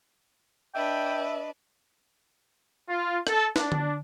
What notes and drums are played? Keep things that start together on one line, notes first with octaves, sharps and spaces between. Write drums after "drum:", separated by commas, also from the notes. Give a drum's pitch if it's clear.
D4 B4 D#5 E5 G5
F4
A4, drum: rim click
D4, drum: snare
drum: tom D3